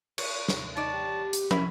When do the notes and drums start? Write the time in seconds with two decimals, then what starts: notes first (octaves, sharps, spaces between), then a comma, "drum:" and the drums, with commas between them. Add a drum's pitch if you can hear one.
0.18 C#5, drum: cymbal
0.48 drum: snare
0.77 D#4 C#5 D5 A5
0.93 G4
1.33 drum: hi-hat
1.51 C#4 E4 B5, drum: tom